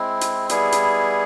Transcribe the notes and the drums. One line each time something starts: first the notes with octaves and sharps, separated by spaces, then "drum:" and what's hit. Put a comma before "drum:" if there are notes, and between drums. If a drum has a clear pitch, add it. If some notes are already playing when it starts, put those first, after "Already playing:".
Already playing: G#3 C4 E4
drum: hi-hat
G3 B3 E4 G#4, drum: hi-hat
drum: hi-hat